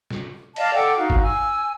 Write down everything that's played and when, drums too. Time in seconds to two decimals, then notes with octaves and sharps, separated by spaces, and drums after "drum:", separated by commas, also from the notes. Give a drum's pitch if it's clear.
0.10 drum: snare
0.56 D5 D#5 F5 A5, drum: cymbal
0.75 A4 F#5 G5 D6
0.97 D#4 F#4 F5
1.10 drum: kick G1
1.22 G#5 E6